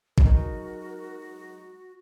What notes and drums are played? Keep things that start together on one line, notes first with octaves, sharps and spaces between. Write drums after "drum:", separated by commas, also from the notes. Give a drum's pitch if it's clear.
F#3 G#3 D#4 F#4 A#4, drum: kick A1